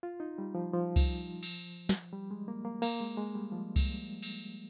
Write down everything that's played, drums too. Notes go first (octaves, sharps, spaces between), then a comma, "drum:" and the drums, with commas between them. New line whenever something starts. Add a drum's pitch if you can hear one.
F4
D#4
G3
F3
F3
drum: kick C2, cymbal
drum: cymbal
drum: snare
G3
G#3
A#3
A#3
A#3, drum: cymbal
G#3
G#3
G3
F3
drum: kick C2, cymbal
drum: cymbal